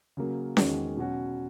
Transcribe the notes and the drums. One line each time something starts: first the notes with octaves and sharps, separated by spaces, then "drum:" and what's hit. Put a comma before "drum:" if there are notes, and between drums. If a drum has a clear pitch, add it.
C#3 F#3 A#3
E2 D#3 G#3 C#4 F#4, drum: snare C#4
B2 F#3 C#4 F#4